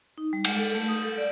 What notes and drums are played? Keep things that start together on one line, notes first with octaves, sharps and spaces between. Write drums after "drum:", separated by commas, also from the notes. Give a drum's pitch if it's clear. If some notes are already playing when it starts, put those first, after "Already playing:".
D#4
G3
G#3, drum: cymbal
A4
A3
D#6
A4
D5